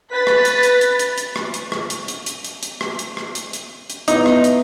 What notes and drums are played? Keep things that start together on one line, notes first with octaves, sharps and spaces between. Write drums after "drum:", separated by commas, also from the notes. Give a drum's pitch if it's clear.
B4 A6 B6
drum: rim click
drum: hi-hat
drum: hi-hat
drum: hi-hat
drum: hi-hat
drum: hi-hat
drum: rim click
drum: hi-hat
drum: rim click
drum: hi-hat
drum: hi-hat
drum: hi-hat
drum: hi-hat
drum: hi-hat
drum: rim click
drum: hi-hat
drum: rim click
drum: hi-hat
drum: hi-hat
drum: hi-hat
B3 D#4 E4, drum: hi-hat
drum: rim click
drum: hi-hat